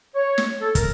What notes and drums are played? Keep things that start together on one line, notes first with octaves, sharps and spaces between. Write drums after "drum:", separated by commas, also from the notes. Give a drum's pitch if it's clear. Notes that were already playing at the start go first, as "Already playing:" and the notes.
C#5
drum: snare
A4
A#4, drum: kick, hi-hat